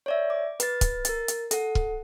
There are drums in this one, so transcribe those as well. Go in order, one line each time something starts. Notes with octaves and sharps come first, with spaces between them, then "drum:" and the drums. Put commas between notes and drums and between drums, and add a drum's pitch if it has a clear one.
C#5 D5 E5
D6
B4 A6, drum: hi-hat
drum: kick, hi-hat
A#4 A6, drum: hi-hat
drum: hi-hat
A4 F#5, drum: hi-hat
drum: kick